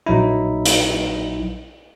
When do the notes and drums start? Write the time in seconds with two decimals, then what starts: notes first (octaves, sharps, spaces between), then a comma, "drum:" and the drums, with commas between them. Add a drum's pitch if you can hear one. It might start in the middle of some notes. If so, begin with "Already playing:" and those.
0.06 A#1 F#3 D#4 E4
0.66 drum: hi-hat